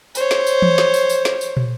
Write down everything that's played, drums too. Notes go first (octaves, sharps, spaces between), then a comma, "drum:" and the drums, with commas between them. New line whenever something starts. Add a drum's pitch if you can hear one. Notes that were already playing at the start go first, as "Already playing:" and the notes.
C5 C#5, drum: tambourine
drum: snare
drum: tambourine
drum: tom E3
drum: snare
drum: tambourine
drum: tambourine
drum: snare
drum: tambourine
drum: tom